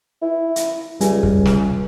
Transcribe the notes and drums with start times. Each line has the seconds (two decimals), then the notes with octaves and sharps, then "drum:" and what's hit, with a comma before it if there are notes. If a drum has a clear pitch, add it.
0.22 E4
0.56 drum: hi-hat
1.01 C#2 G3 G#5, drum: hi-hat
1.23 drum: kick
1.45 drum: snare